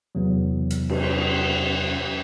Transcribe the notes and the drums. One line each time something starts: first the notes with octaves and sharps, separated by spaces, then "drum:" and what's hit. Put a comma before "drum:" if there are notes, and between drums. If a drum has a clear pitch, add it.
E2 C3 F#3
drum: hi-hat
drum: cymbal